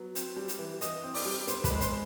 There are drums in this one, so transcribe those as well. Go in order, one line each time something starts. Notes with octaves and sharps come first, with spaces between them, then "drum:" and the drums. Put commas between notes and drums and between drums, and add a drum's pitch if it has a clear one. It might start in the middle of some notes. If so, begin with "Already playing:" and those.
Already playing: F#3 B3
C4, drum: hi-hat
G3
drum: hi-hat
E3
E3 D#5 D#6, drum: hi-hat
C4
D5 D6, drum: open hi-hat
G3
B3 C5 C6, drum: hi-hat
B4 B5, drum: kick, hi-hat
G#3
C5 C6, drum: hi-hat